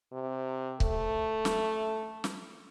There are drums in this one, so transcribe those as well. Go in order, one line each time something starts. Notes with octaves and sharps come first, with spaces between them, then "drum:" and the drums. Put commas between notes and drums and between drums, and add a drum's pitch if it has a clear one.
C3
A3, drum: kick C#1
drum: snare
drum: snare